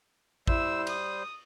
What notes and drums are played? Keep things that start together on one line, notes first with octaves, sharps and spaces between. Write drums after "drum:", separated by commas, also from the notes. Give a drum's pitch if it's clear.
G3 E4 C5 E6, drum: kick
D#6, drum: cymbal